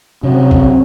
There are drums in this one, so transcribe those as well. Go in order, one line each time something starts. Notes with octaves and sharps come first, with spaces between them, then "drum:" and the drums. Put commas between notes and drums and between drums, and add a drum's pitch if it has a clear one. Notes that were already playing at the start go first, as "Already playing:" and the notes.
C3 F#3 C4 C#4 C#5
drum: kick